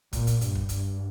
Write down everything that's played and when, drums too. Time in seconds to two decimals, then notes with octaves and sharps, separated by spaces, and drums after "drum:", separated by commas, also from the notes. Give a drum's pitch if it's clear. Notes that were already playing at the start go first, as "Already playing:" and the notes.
0.13 A#2, drum: kick, hi-hat
0.27 drum: hi-hat
0.41 G2, drum: hi-hat
0.55 drum: kick
0.69 G2, drum: hi-hat